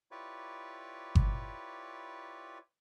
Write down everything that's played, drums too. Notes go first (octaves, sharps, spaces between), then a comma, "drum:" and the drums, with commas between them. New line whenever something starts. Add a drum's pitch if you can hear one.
E4 F4 G4 B4 C#5 D5
drum: kick G1